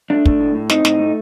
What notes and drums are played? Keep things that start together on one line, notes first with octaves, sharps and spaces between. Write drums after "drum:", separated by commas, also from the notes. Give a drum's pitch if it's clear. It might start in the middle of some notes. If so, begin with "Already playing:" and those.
A3 D4
A3, drum: kick
A2
A2
C4 D#4, drum: snare
A2, drum: snare
A3